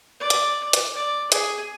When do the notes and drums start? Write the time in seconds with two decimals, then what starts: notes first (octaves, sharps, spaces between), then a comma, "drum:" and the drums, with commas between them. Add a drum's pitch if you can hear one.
0.20 D5
0.30 drum: hi-hat
0.73 drum: hi-hat
0.94 D5
1.32 G#4, drum: hi-hat